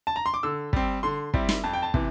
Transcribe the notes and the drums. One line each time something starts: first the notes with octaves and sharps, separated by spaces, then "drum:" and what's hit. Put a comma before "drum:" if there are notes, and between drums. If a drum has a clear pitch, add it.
A5
A#5
C6
D6
D3 E6
G3 C4, drum: kick
D3 C6
G3 C4 E4, drum: kick
drum: snare
F2 A5
G5
A5
C3 E3, drum: kick